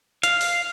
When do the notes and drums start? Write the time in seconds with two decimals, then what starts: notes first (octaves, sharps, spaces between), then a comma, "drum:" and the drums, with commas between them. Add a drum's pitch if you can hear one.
0.23 F5, drum: hi-hat
0.41 drum: open hi-hat